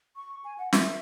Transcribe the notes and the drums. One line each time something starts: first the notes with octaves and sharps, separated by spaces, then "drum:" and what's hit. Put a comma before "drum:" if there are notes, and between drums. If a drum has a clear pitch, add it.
C#6
G#5
F#5
E5, drum: snare